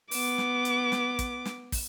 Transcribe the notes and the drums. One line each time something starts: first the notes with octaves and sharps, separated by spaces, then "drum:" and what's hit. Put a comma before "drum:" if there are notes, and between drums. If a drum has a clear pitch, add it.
B3 D6, drum: open hi-hat
drum: snare
drum: hi-hat
drum: snare
drum: kick, hi-hat
drum: snare
drum: kick, open hi-hat